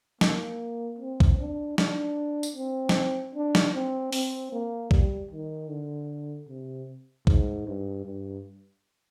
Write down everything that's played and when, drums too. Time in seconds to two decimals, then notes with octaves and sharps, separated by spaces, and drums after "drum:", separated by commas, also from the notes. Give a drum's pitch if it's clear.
0.21 A#3, drum: snare
0.99 C4
1.20 drum: kick A#1
1.39 D4
1.78 D4, drum: snare
2.43 drum: tambourine
2.56 C4
2.89 drum: snare
3.35 D4
3.55 drum: snare
3.74 C4
4.12 C4, drum: open hi-hat
4.52 A#3
4.91 G3, drum: kick A#1
5.31 D#3
5.70 D3
6.48 C3
7.27 G#2, drum: kick A#1
7.67 G2
8.05 G2